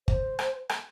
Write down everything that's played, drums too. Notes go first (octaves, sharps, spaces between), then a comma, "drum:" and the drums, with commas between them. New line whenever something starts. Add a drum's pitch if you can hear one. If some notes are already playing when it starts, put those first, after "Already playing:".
C5, drum: kick G1
drum: rim click
drum: rim click